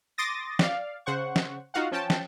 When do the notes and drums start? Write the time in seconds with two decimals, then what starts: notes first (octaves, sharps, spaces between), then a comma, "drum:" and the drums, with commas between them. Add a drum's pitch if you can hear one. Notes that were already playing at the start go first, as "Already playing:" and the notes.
0.18 C6 D6 D#6 A6 A#6
0.59 D5 F5, drum: snare
1.06 C#3 C5 F#5 C#6
1.36 drum: snare
1.74 D#4 F4 F#4 F5 F#5
1.91 F3 C#4 G5 A5
2.10 drum: snare